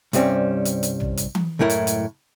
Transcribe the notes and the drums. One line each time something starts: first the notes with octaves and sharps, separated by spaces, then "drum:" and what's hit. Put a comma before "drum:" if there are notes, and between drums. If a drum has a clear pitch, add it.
C2 G2 G3 C4 C#4, drum: hi-hat
drum: hi-hat
drum: hi-hat
drum: tom
drum: hi-hat
drum: tom E3
C#2 F#2 A2 E4 A#4
drum: hi-hat
drum: hi-hat